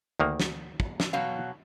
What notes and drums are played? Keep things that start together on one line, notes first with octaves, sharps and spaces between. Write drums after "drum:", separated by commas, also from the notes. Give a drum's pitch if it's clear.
D2 D#3 A#3
drum: snare
drum: kick
drum: snare
B2 F#3 F5